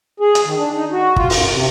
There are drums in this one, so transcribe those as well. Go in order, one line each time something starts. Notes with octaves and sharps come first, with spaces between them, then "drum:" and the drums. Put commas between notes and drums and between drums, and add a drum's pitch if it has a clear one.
G#4
drum: hi-hat
D#3
D4
D#4
F#4
F4, drum: kick
F#2, drum: open hi-hat
C3